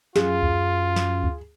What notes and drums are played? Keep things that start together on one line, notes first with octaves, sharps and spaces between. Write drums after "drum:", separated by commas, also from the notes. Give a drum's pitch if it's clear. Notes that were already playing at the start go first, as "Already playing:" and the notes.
F#2 F4 G#4, drum: snare
drum: kick D2
drum: snare
drum: kick D2